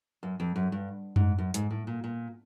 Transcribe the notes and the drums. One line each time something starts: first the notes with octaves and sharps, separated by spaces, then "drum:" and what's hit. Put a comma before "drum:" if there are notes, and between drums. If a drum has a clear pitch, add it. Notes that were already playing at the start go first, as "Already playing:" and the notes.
F#2
F2
F#2
G2
G#2, drum: tom F#2
F#2
G#2, drum: hi-hat
A2
A#2
A#2